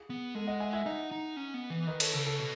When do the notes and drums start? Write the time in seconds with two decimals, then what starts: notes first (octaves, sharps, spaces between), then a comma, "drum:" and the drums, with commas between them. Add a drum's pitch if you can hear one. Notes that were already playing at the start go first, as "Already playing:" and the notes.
Already playing: G#4
0.10 B3
0.35 G#3 A4
0.47 D#5 F#5
0.60 E5 G#5
0.73 E5 G#5
0.86 D#4 D#5 F#5
1.12 D#4
1.37 C#4
1.54 B3
1.70 E3
1.87 D#3 B4 D#5
2.00 A4 C#5, drum: cymbal
2.13 C#3 A4
2.27 A4
2.39 B2